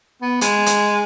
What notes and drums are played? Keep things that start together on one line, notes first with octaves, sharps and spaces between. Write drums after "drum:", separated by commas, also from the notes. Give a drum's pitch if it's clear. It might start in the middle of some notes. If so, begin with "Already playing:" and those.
B3
G#3, drum: hi-hat
drum: hi-hat